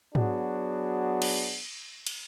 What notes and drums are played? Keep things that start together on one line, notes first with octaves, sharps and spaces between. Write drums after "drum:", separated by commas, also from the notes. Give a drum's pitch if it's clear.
F#3 B3 D4 F#4 G#4, drum: tom G#2
drum: cymbal
drum: cymbal